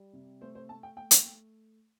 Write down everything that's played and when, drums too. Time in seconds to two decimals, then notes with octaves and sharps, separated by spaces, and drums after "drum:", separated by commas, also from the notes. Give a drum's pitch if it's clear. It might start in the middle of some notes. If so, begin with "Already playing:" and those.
Already playing: G3
0.13 C3
0.41 A3 C5
0.55 C5
0.69 A3 A5
0.83 G5
0.96 A3 G5
1.11 drum: hi-hat
1.25 A3